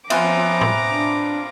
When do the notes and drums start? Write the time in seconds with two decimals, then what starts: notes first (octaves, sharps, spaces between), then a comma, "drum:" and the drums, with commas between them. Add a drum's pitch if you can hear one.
0.10 F3 B3 C4 F4 E5 G#5 A#5 D6, drum: cymbal
0.61 drum: tom A2
0.89 D4